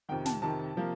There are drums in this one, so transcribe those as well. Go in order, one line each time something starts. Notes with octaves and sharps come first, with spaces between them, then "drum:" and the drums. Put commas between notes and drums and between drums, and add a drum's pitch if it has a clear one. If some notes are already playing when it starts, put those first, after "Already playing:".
F2 C3 D#3 G5
A5, drum: snare
F2 C3 D#3 A5
C3 F3 A#3